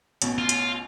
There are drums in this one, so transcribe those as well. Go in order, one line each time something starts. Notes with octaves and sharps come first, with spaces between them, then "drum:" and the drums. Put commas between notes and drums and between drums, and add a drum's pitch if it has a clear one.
A1 B2, drum: hi-hat
F4
drum: hi-hat